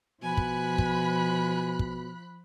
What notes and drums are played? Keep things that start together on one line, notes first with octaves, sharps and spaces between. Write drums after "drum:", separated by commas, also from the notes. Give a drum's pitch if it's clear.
B2 F3 G#5 B5 F#6
drum: kick
drum: kick
drum: kick